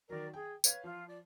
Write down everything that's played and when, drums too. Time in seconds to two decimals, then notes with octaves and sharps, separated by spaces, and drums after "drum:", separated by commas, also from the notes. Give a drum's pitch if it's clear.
0.09 D#3 F#3 A#4 D5
0.34 G#4 G5
0.64 B4 C#5 F5 G#6, drum: tambourine
0.84 F3 F4
1.07 D5